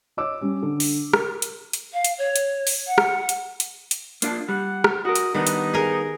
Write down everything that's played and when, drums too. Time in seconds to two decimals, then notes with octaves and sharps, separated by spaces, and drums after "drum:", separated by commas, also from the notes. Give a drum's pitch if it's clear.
0.17 C#5 D#5 D6 E6
0.41 G3 C#4
0.62 D3
0.80 drum: open hi-hat
1.14 A#4, drum: rim click
1.42 drum: hi-hat
1.73 drum: hi-hat
1.93 F5
2.04 drum: hi-hat
2.18 C#5
2.36 drum: hi-hat
2.67 drum: open hi-hat
2.87 F#5
2.98 drum: rim click
3.29 drum: hi-hat
3.60 drum: hi-hat
3.91 drum: hi-hat
4.22 A#3 D4 F4, drum: hi-hat
4.48 G3 F#5
4.84 drum: rim click
5.05 F#4 A#4 D#5
5.15 drum: hi-hat
5.34 D#3 G3 B3 D4 D#4
5.47 drum: hi-hat
5.74 G#4 A#4